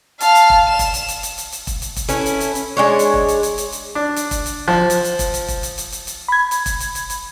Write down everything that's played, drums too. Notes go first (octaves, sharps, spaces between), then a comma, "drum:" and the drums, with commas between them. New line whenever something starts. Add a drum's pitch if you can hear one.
F5 A5, drum: hi-hat
drum: hi-hat
drum: kick E1
E7
drum: kick E1, hi-hat
drum: hi-hat
drum: hi-hat
drum: hi-hat
drum: hi-hat
drum: hi-hat
drum: kick E1, hi-hat
drum: hi-hat
drum: kick E1, hi-hat
C#4 E4 A4 B4, drum: hi-hat
drum: hi-hat
drum: hi-hat
drum: hi-hat
G#3 D4 C#5
drum: hi-hat
drum: kick E1
drum: hi-hat
drum: hi-hat
drum: hi-hat
drum: hi-hat
D4
drum: hi-hat
drum: kick E1, hi-hat
drum: hi-hat
F3
drum: hi-hat
drum: hi-hat
drum: kick E1, hi-hat
drum: hi-hat
drum: kick E1, hi-hat
drum: hi-hat
drum: hi-hat
drum: hi-hat
drum: hi-hat
B5 G#6
drum: hi-hat
drum: kick E1, hi-hat
drum: hi-hat
drum: hi-hat
drum: hi-hat